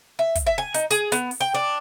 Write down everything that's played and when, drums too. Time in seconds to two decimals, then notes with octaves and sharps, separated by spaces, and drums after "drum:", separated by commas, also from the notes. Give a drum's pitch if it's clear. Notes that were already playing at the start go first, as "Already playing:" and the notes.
0.19 E5
0.35 drum: kick, hi-hat
0.46 E5
0.58 G#5
0.74 D#4, drum: hi-hat
0.91 G#4, drum: hi-hat
1.12 B3, drum: hi-hat
1.31 drum: open hi-hat
1.41 G5
1.54 D4